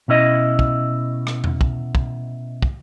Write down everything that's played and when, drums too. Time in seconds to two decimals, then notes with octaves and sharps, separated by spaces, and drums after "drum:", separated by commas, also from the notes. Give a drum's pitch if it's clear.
0.08 B2 C#4 E4 D#5
0.59 drum: kick
1.27 drum: rim click
1.44 drum: tom E2
1.61 drum: kick
1.95 drum: kick
2.62 drum: kick